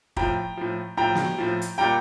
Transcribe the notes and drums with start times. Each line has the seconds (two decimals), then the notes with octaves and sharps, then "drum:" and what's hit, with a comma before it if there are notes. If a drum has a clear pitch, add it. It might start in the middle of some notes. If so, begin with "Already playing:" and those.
0.16 A2 F3 G5 A#5, drum: kick
0.57 A2 F3
0.97 A2 F3 G5 A#5
1.15 drum: snare
1.38 A2 F3
1.62 drum: hi-hat
1.78 A#2 G3 G5 A#5